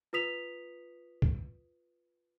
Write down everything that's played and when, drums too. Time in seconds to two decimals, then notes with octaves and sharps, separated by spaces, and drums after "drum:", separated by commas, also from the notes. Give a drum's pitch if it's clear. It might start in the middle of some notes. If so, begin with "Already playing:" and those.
0.13 F4 B4 D#6 B6 F7
1.22 drum: kick